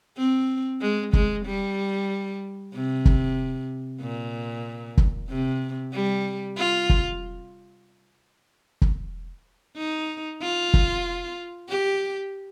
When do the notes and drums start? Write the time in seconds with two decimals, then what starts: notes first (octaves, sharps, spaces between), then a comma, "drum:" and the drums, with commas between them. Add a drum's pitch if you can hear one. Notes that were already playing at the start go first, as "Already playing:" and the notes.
0.17 C4
0.81 G#3
1.13 G#3, drum: kick
1.46 G3
2.74 C3
3.05 drum: kick
4.01 A#2
4.97 drum: kick
5.29 C3
5.93 G3
6.58 F4
6.90 drum: kick
8.82 drum: kick
9.77 D#4
10.42 F4
10.74 drum: kick
11.69 G4